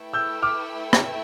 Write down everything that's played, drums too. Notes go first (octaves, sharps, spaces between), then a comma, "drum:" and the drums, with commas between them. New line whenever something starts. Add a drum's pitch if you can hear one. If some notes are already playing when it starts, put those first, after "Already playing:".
Already playing: A3 E4 B4 E5 G5
E6 G6
D6 F6
drum: rim click